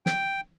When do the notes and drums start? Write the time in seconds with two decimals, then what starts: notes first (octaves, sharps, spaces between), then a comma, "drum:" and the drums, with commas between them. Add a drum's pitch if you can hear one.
0.06 G5, drum: snare